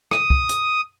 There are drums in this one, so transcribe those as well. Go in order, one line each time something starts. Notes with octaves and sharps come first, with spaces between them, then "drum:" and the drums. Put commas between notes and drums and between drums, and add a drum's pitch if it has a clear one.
D#6, drum: rim click
drum: kick
drum: hi-hat